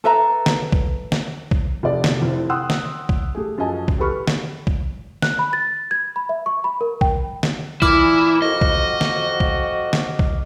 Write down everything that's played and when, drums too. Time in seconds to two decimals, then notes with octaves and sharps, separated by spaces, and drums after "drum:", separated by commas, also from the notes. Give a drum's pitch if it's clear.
0.04 A4 B4 E5 A#5
0.46 drum: snare
0.72 drum: kick
1.12 drum: snare
1.51 drum: kick
1.83 F1 D5
2.04 drum: snare
2.22 F1 C4 E4
2.49 F#5 G5 C6 D#6 E6 F#6
2.70 drum: snare
3.09 drum: kick
3.35 A3 G4 G#4
3.58 F#2 F3 D#5 G#5 A5
3.88 drum: kick
3.98 G4 A4 B4 B5 C#6 F6
4.27 drum: snare
4.67 drum: kick
5.22 F#6, drum: snare
5.39 B5
5.53 A6
5.91 G#6
6.16 B5
6.29 E5
6.46 C#6
6.64 B5
6.81 A#4
7.01 G5, drum: kick
7.43 drum: snare
7.82 A#2 E3 E4 D6 F6, drum: kick
8.42 F2 F#4 D#5
8.61 drum: kick
9.01 drum: snare
9.40 drum: kick
9.93 drum: snare
10.19 drum: kick